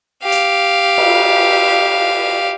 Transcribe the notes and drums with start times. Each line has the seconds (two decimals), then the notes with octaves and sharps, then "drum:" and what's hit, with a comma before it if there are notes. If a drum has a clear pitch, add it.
0.23 G4 F5
0.32 drum: hi-hat
0.98 drum: cymbal